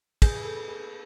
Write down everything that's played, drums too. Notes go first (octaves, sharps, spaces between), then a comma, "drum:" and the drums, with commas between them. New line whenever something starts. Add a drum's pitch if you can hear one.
G#4, drum: kick, cymbal
A4
G#4